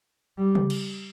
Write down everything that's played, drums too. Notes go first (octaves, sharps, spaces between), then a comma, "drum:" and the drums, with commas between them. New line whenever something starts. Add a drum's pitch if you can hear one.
G3
drum: tom C#3
drum: cymbal